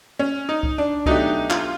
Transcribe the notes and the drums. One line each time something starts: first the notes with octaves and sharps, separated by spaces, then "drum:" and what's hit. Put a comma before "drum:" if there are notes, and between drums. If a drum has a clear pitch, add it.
C#4
D#4
drum: kick C2
D4
B2 F#3 A3 D4 D#4 G4, drum: kick C2
F4, drum: clap